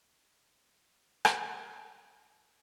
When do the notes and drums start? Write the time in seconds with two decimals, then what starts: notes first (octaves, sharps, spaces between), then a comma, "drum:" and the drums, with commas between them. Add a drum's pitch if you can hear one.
0.19 E2
0.78 D#3
1.25 drum: rim click
1.58 C#5
2.27 F2 G4